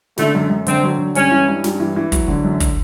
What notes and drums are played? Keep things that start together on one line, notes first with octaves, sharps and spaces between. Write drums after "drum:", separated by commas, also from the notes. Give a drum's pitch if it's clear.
D3 A3, drum: snare
F#2
F#2
D3 C4, drum: hi-hat
F#3
D3
G2 C#4, drum: hi-hat
E3
G2
G2, drum: snare
E3
E3
F#3, drum: kick, hi-hat
D3
F#2
drum: kick, hi-hat